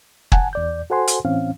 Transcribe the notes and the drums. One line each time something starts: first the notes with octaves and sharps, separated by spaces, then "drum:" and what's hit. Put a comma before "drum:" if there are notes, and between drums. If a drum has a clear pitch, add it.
F#5 G#5 A5, drum: kick
E2 D5 G6
F#4 A4 C5 F#5 G#5 C6
drum: hi-hat
A2 E3 C4 C#4 F5